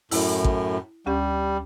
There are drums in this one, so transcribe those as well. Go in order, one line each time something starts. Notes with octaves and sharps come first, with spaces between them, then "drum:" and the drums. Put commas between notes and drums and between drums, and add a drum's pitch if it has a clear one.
F#2 A2 E4, drum: open hi-hat
drum: kick A1
D2 G3 C#4 G4